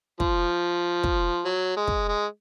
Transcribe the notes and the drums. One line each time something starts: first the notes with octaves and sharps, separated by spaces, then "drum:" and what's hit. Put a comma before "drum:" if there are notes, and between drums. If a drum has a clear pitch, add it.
F3, drum: kick
drum: kick
F#3
G#3
drum: kick
G#3